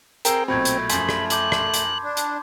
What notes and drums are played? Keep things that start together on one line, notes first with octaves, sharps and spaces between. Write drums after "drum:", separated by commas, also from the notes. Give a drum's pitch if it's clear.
C4 G#4 A#4 G5 E6, drum: hi-hat
B1 A#2 F#3 A3 C4 B5 G6 G#6
drum: hi-hat
F#2 F3 G#5 B5 C6, drum: hi-hat
drum: rim click
A5 D6 F#6 G6, drum: hi-hat
drum: rim click
drum: hi-hat
D4
drum: hi-hat